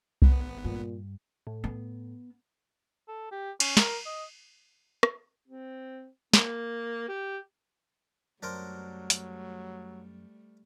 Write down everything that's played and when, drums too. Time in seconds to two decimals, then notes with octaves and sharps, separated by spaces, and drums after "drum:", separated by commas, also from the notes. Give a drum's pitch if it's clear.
0.22 G#1 B3, drum: kick C2
0.64 G2 A#2
1.47 A2
1.64 B3
3.08 A4
3.31 G4
3.60 C#4, drum: cymbal
3.77 A#4, drum: snare
4.06 D#5
5.03 drum: rim click
5.48 C4
6.33 A#3, drum: snare
7.08 G4
8.43 F#2 F#3 G3 A3 D4 A#4 C5
9.10 drum: hi-hat